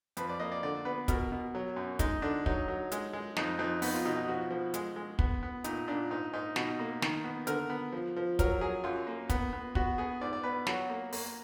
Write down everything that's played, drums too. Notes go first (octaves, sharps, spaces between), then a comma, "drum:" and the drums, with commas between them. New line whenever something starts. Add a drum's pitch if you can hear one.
F2 B4, drum: hi-hat
D5
A#3 D#5
D5
D3 D5
B3 B4
B2 A#4, drum: kick, hi-hat
B2
F#3
F#2
G#3 D#4, drum: kick, hi-hat
D3 D4
F#3 D#4, drum: kick
F#3
G#3, drum: hi-hat
G#3
F2 D#4, drum: snare
F2 D#4
B3 D#4, drum: open hi-hat
F4
B2 D#4
D#4
F3 F#4
F3
G#3, drum: hi-hat
G#3
B3, drum: kick
B3
A#2 D#4, drum: hi-hat
A#2 D4
G#2 D#4
G#2 D#4
B2 D#4, drum: snare
A#3
D#3, drum: snare
B3
D3 A#4, drum: hi-hat
B3
F3
F3
F#3 A#4, drum: kick, hi-hat
F#3 G#4
F#2 F4
A#3
B3, drum: kick, hi-hat
B3
B3 F#4, drum: kick
B3 G#4
G#2 D5
D5
B3 B4
F#3 F#4, drum: snare
A#3
A#3, drum: open hi-hat